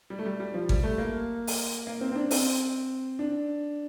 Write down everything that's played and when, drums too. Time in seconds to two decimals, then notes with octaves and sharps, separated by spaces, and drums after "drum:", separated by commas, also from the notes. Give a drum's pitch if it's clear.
0.10 G3
0.19 A3
0.25 G3
0.40 G3
0.54 F3
0.69 G3, drum: kick G#1
0.83 A3
0.98 A#3
1.47 drum: open hi-hat
1.87 A#3
2.01 C4
2.11 C4
2.16 D4
2.31 C4, drum: open hi-hat
3.19 D4